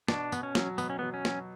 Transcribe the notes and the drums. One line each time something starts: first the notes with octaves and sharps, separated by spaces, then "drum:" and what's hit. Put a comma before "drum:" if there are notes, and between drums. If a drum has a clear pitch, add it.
B2 D4, drum: snare
B2 B3, drum: tambourine
C#4
F#3, drum: snare
B2 B3, drum: tambourine
C#4
F#3 B3
C#4
F#3, drum: snare